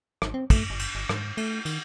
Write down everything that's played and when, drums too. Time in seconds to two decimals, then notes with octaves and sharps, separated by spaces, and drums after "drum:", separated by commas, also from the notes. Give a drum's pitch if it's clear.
0.22 G#1, drum: rim click
0.34 C4
0.50 A3, drum: kick, cymbal
0.70 G1
0.79 drum: cymbal
0.95 G1
1.09 G#2, drum: rim click
1.37 A3, drum: cymbal
1.65 D#3, drum: cymbal